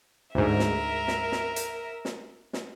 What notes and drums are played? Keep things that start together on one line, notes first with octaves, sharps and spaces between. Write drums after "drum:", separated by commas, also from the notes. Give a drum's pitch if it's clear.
D2 G#2 A#4 E5
drum: snare
drum: snare
drum: snare
drum: hi-hat
drum: snare
drum: snare